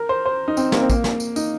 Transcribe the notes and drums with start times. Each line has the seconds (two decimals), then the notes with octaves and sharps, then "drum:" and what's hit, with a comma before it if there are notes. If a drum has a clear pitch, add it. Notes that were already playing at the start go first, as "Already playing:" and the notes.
Already playing: A#4
0.09 C5
0.26 C5
0.48 D#4
0.57 C4, drum: tambourine
0.72 A#3, drum: snare
0.81 C4
0.90 A#3, drum: kick A1, tambourine
1.04 drum: snare
1.20 drum: tambourine
1.36 D#4, drum: tambourine